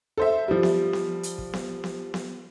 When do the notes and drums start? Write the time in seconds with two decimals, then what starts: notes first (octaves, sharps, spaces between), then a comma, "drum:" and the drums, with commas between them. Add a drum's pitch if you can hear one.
0.18 A4 C5 E5
0.48 F3 G3
0.63 drum: snare B3
0.93 drum: snare B3
1.23 drum: hi-hat
1.38 drum: kick
1.53 drum: snare B3
1.84 drum: snare B3
2.14 drum: snare B3